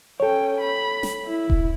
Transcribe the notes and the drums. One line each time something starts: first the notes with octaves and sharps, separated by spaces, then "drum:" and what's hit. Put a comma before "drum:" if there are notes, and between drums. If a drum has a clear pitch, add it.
C#4 A4 C#5 G5
B5
drum: snare
E4
drum: kick D#1